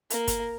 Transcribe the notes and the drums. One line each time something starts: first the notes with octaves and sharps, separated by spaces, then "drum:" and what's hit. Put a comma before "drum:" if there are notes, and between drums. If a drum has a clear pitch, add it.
A#3, drum: hi-hat
drum: kick, hi-hat